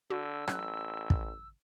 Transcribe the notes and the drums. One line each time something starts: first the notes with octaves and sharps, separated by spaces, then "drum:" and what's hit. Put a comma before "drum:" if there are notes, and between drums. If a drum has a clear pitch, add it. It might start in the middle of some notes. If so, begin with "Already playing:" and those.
D3 F#4 E6
A1 F#3 C#4 F#6, drum: rim click
drum: kick